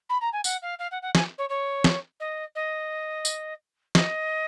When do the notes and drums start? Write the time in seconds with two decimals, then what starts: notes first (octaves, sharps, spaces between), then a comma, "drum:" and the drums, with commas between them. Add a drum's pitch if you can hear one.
0.09 B5
0.21 A#5
0.33 G#5
0.44 F#5, drum: tambourine
0.62 F5
0.79 F5
0.91 F#5
1.02 F#5
1.15 G#5, drum: snare
1.38 C#5
1.49 C#5
1.84 drum: snare
2.20 D#5
2.55 D#5
3.25 drum: tambourine
3.95 D#5, drum: snare